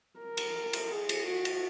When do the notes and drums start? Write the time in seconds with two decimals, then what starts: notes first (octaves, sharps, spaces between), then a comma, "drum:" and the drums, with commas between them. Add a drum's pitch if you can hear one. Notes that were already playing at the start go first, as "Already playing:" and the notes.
0.20 A#4
0.37 drum: cymbal
0.73 drum: cymbal
0.91 G#4
1.09 drum: cymbal
1.27 F#4
1.45 drum: cymbal